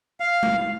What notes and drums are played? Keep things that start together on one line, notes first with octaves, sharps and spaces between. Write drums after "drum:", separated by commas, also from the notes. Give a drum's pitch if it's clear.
F5
drum: tom G#3